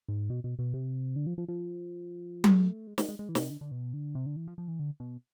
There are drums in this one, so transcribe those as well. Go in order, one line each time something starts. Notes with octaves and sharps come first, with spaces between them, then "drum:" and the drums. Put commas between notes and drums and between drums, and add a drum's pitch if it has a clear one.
G#2
B2
B2
B2
C3
D3
F3
F3
F3
G#3, drum: tom F#3
A3
G#3
G#3, drum: snare
G#3
G#3
E3
B2, drum: snare
C3
D3
D3
B2
D3
C3
D3
E3
F3
F3
E3
D3
B2